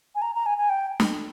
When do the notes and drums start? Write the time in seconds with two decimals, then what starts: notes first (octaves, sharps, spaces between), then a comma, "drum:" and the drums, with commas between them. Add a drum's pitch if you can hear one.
0.15 G#5
0.22 A#5
0.35 A#5
0.46 G#5
0.58 G#5
0.70 G5
1.00 drum: snare